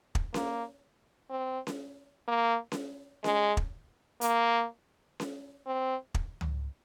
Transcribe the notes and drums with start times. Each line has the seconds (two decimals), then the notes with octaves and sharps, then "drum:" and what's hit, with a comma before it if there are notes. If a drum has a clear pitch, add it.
0.15 drum: kick
0.34 A#3, drum: snare C#4
1.30 C4
1.67 drum: snare C#4
2.28 A#3
2.72 drum: snare C#4
3.24 G#3, drum: snare C#4
3.57 drum: kick
4.21 A#3, drum: hi-hat
5.20 drum: snare C#4
5.66 C4
6.14 drum: kick
6.41 drum: tom C#2